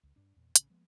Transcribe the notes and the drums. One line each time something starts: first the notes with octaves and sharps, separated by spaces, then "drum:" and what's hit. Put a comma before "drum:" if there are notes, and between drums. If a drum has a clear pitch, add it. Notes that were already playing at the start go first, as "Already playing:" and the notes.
C#2
G2 D4
E2 A#2
A1 C#3, drum: hi-hat
F3 G#3 A#3 B3